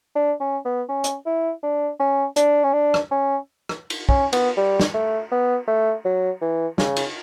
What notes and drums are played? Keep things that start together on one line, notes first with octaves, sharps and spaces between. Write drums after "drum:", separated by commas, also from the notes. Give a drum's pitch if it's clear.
D4
C#4
B3
C#4
drum: hi-hat
E4
D4
C#4
D4, drum: hi-hat
C#4
D4
drum: rim click
C#4
drum: rim click
drum: cymbal
C#4, drum: kick
B3, drum: cymbal
G3
drum: snare
A3
B3
A3
F#3
E3
C#3, drum: snare
drum: cymbal